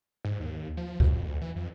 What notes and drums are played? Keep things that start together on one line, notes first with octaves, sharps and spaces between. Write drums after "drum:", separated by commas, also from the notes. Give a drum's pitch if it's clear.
G#2
D#2
F3
F2, drum: kick C#2
D2
E3
F2